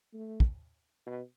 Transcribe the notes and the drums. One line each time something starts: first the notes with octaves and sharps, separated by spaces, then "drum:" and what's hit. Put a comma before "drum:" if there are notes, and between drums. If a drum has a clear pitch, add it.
A3
drum: kick
B2